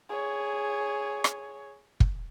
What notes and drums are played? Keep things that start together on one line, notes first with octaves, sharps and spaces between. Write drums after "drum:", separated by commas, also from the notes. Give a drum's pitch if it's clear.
G#4 C#5
drum: rim click
drum: kick